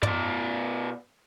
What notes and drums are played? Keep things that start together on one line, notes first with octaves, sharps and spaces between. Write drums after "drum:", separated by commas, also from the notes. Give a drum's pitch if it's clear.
B2 D5, drum: tom